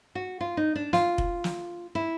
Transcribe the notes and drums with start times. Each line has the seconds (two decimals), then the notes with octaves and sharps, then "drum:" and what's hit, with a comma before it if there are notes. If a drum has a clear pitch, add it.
0.15 F#4
0.41 F4
0.57 D#4
0.76 D4
0.93 F4, drum: snare
1.18 drum: kick F1
1.44 drum: snare
1.95 E4